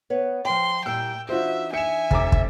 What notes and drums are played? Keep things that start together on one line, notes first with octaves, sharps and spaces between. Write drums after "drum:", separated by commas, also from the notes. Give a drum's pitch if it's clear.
B3 B4 C#5
F3 G5 C6
A#2 G3 E4 G5 E6
E3 D4 D#4 F4 F#4 C5 E5
E5 G#5 C#7 E7
F1 A#5 D6, drum: kick
drum: kick